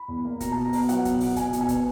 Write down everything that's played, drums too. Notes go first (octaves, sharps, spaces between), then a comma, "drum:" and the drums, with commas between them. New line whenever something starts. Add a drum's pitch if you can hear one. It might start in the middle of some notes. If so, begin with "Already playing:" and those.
Already playing: B5
E2
A#3
B2 A#5, drum: kick, hi-hat
B2 A5
A#5
B3, drum: open hi-hat
F#3 F#5, drum: hi-hat
B2, drum: kick, hi-hat
B2, drum: open hi-hat
B2 G#5, drum: kick, hi-hat
B2, drum: hi-hat
G#5
B3, drum: kick, hi-hat